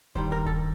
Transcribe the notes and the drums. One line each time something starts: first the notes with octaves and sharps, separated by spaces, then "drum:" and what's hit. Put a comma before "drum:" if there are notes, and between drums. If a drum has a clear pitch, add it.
G2 D#3 G3 C5, drum: kick D#1
A#4
A4, drum: kick D#1